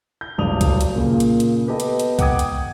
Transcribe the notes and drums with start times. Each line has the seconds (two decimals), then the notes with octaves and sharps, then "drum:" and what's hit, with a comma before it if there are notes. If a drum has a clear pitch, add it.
0.21 G6
0.38 D1 G1 G2 D5 D#6 F7
0.61 drum: kick, hi-hat
0.81 drum: hi-hat
0.95 A#2 C#3 A#3
1.20 drum: hi-hat
1.40 drum: hi-hat
1.67 B3 G4 A4 D#5
1.80 drum: hi-hat
2.00 drum: hi-hat
2.19 F#5 G5 D6 D#6 G#6, drum: kick, hi-hat
2.39 drum: hi-hat